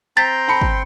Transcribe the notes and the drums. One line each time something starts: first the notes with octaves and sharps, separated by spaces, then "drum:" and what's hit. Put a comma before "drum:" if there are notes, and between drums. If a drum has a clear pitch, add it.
C4 G5 A#5 C6 A6 B6
A5 B5 C#7
drum: kick